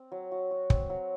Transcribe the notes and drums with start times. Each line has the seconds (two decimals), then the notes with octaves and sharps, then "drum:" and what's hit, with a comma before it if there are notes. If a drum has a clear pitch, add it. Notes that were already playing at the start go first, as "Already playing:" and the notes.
Already playing: C4
0.12 F#3
0.32 F#4
0.51 F#4
0.70 C4, drum: kick
0.90 F#3